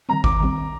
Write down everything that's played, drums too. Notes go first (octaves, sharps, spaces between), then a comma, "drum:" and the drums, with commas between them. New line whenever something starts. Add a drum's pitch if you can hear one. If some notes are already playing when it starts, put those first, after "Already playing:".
D#3 G3 C4 A#5
D#2 D6, drum: kick G#1
D#3 G3 C4